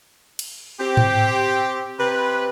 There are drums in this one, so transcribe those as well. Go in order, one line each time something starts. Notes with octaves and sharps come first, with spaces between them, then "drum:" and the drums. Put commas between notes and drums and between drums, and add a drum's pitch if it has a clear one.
drum: cymbal
C4 G4
drum: tom G#2
C3 B4